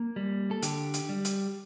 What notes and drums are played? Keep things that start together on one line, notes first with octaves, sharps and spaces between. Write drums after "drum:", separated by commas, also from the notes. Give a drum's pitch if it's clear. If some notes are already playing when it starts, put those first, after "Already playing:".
Already playing: A#3
G3
A4
D3 G4, drum: hi-hat
drum: hi-hat
G3
drum: hi-hat